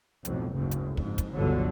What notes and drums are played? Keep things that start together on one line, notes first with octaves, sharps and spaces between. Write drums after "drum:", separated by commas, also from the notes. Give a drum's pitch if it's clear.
B1 F2 A2, drum: hi-hat
F#1 D2 G#2
drum: hi-hat
F#1 F2 G#2, drum: kick
drum: kick, hi-hat
G1 C#2 B2 D3 E3 F#3